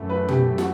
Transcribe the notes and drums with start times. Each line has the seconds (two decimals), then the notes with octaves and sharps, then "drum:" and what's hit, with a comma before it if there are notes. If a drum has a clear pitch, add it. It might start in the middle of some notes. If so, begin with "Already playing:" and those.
Already playing: F#2 E3 A3
0.09 B4
0.28 G4, drum: tom
0.58 F#4, drum: snare